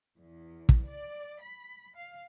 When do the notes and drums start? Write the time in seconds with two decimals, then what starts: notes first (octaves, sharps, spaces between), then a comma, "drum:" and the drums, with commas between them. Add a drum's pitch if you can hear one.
0.19 E2
0.69 drum: kick
0.89 D5
1.42 B5
1.97 F5